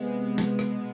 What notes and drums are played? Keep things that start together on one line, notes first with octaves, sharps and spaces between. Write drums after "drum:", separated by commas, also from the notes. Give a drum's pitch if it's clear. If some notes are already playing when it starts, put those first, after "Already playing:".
Already playing: C3 G#3 B3
drum: snare
B2 G#3 B3, drum: rim click